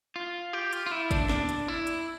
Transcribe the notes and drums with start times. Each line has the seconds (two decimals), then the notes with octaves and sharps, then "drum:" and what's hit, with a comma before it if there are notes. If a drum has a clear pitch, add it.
0.16 F4
0.53 G4
0.73 F4, drum: hi-hat
0.86 F4
0.91 E4
1.11 D4, drum: kick, hi-hat
1.29 D4, drum: snare
1.49 drum: hi-hat
1.68 E4
1.87 drum: hi-hat